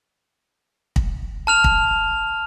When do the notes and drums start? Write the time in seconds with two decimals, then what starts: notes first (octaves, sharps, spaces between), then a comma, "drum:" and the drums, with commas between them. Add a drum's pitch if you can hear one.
0.96 drum: kick
1.47 A5 F6 F7
1.64 drum: kick